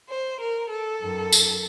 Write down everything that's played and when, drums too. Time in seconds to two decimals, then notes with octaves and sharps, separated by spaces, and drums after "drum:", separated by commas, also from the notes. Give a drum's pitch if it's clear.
0.09 C5
0.39 A#4
0.70 A4
1.00 F#2 D#3
1.33 drum: tambourine